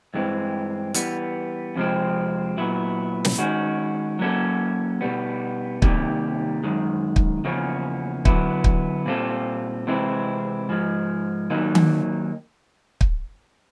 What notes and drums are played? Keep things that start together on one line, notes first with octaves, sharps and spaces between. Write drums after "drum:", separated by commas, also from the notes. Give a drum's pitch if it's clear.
G2 E3 G#3 C4
E3 G3 B3, drum: hi-hat
F2 C3 F3 G#3 C4
A#2 F#3 B3 E4
drum: snare
D#3 G#3 C#4 F#4
F#3 A#3 C#4 F#4 A4
B2 G3 B3
C3 D#3 G3 A#3, drum: kick
F#2 D#3 G#3
drum: kick
E2 C#3 F3 A#3 C#4
D3 F#3 B3 E4, drum: kick
drum: kick
A#2 G3 C4 F4 A4
C3 E3 G#3 C4 E4
G#2 F3 G#3
D#3 F#3 A#3 D#4
drum: tom D#3
drum: kick